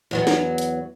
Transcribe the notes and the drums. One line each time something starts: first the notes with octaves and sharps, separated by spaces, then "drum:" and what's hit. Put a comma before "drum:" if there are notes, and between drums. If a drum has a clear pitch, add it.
E2 F#3 B3
drum: snare
drum: hi-hat